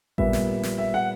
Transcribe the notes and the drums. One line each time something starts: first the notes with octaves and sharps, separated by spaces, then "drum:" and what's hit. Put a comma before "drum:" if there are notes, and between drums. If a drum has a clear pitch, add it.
A#2 G3 B3 E5, drum: kick A1
drum: snare
drum: snare
E5
F#5